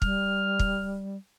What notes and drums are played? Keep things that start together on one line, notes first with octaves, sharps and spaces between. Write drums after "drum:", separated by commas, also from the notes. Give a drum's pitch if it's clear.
G3 F6, drum: kick
drum: kick